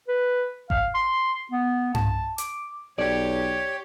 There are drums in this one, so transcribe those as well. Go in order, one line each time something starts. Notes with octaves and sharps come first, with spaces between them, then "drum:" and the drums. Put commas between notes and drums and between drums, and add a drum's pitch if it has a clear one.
B4
F5, drum: kick G#1
C6
B3
A5, drum: tom G2
D6, drum: hi-hat
B1 G4 C#5 D5